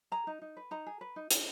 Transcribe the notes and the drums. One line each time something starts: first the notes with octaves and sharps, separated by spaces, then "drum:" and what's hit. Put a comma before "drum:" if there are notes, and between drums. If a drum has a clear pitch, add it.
G#4 A#5
D#4
D#4
B4
D#4 A#5
G#4
B4
D#4
C#4, drum: hi-hat